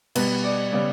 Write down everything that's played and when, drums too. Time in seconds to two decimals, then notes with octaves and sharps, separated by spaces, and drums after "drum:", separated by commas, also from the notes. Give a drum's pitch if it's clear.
0.15 B2 G3 B3 B4, drum: cymbal
0.44 D5
0.72 C#3 G3 B3 D5